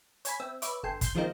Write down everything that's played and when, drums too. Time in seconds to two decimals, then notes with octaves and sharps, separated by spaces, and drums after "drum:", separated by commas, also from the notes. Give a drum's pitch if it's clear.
0.25 C#5 G#5 B5, drum: hi-hat
0.40 C4 E5
0.62 B4 C#5 E5 D6, drum: hi-hat
0.83 G1 A4 G5 G#5 C6
1.01 C6 G6, drum: kick, hi-hat
1.15 D#3 F3 G#3 A#3 C4 D#4